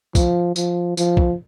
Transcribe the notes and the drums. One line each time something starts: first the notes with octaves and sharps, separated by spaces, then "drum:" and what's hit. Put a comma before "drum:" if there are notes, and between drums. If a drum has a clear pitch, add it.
F3, drum: kick B1, tambourine
F3, drum: tambourine
F3, drum: tambourine
drum: kick B1